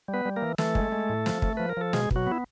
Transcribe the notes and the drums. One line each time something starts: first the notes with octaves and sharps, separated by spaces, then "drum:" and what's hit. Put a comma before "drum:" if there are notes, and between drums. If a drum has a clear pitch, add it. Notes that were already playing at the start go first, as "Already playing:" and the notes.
G3
B3 B4
G3
A#3 A#4
E3
E3 A3 A4, drum: snare
G#3, drum: kick
G#3
A2
F3, drum: snare
A3, drum: kick
F3 B4
A#4
F3 A4
B2 G#3 G#4, drum: snare
B2, drum: kick
F#3 F#4
B3 E4